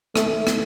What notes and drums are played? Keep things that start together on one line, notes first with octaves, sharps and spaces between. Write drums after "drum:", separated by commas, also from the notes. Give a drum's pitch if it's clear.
A3, drum: rim click
drum: rim click